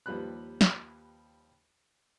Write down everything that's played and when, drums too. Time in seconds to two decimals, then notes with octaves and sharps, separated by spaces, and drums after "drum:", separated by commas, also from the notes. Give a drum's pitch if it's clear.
0.06 D#2 F3 G3 B4 B5 F#6
0.61 drum: snare